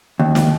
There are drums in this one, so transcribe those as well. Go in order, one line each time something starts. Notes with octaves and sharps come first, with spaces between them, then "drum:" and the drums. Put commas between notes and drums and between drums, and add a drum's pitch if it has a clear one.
D#2
drum: snare